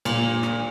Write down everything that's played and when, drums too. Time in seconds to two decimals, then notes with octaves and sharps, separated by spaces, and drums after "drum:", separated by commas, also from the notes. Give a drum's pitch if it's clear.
0.05 A#2, drum: cymbal
0.43 drum: rim click